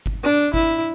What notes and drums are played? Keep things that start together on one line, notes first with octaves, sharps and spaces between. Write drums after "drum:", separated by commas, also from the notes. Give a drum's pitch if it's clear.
drum: kick G1
D4
E4, drum: kick G1